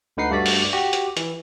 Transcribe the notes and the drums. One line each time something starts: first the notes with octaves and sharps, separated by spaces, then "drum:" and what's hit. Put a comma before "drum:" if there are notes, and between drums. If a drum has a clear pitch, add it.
D2 D3 D#4 B4 F#5 C7
G2 A3 F#4 D5 B6
drum: open hi-hat
F#4 G4
drum: hi-hat
E3, drum: hi-hat